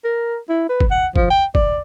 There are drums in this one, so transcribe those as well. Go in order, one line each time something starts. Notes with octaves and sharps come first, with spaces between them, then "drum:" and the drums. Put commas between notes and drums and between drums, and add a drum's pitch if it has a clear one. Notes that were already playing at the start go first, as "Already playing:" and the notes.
A#4
E4
B4
drum: kick
F#5
F3, drum: kick
G5
D5, drum: kick